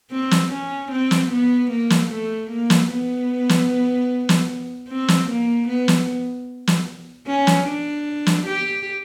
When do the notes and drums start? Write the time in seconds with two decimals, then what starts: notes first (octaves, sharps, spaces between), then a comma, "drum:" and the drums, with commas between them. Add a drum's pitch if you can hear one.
0.11 C4
0.31 drum: snare
0.51 C#4
0.92 C4
1.11 drum: snare
1.31 B3
1.71 A#3
1.90 drum: snare
2.10 A3
2.50 A#3
2.70 drum: snare
2.90 B3
3.49 drum: snare
4.29 drum: snare
4.89 C4
5.08 drum: snare
5.28 A#3
5.68 B3
5.88 drum: snare
6.67 drum: snare
7.27 C#4
7.47 drum: snare
7.67 D4
8.26 drum: snare
8.46 G4